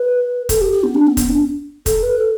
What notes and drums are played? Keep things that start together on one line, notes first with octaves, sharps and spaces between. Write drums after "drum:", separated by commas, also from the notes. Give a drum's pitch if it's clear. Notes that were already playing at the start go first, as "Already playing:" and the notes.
Already playing: B4
A4, drum: kick, hi-hat
G4
G4
B3
D4
B3
B3, drum: kick, hi-hat
D4
A4, drum: kick, hi-hat
B4
A4